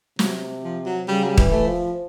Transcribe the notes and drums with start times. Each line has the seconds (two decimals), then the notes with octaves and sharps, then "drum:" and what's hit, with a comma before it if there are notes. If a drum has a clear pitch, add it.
0.19 C3 F#3, drum: snare
0.63 F3
0.85 F#3
1.08 C#3 G3
1.23 F#3
1.29 G3
1.38 E3, drum: kick D#1
1.52 A3
1.66 F3